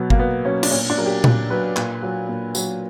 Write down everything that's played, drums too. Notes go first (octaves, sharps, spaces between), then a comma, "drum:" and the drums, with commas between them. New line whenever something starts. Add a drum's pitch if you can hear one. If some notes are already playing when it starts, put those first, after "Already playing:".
Already playing: B2 F#3 B3
A#3, drum: kick G1
B2 B3
F#3 C#4
D4, drum: cymbal
A#2 C#4
D4
F#3 A#4
G4
A#2, drum: tom A#2
F#3 B4
A#2, drum: clap
F#3
A#2
F#3, drum: tambourine